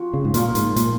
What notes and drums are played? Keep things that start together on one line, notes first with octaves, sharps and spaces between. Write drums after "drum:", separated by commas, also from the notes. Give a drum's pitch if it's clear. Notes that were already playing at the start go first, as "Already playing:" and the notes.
Already playing: F3 C4 F#4
C#3
G#2
A#2 F3 A#3 F4, drum: hi-hat
G#2, drum: hi-hat
A#2, drum: hi-hat